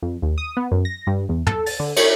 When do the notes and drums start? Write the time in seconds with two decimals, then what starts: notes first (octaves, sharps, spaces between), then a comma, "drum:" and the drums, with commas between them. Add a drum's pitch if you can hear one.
0.02 F2
0.22 D#2
0.38 D#6
0.57 B3
0.72 F#2
0.85 A#6
1.07 G2
1.29 E2
1.47 A4, drum: tom
1.66 A6, drum: open hi-hat
1.80 D3
1.96 C#5, drum: cymbal